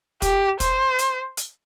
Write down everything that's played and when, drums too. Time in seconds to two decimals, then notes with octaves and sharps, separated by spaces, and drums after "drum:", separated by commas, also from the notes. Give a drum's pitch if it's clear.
0.22 G4, drum: kick, hi-hat
0.60 C5, drum: kick, hi-hat
0.99 drum: hi-hat
1.37 drum: hi-hat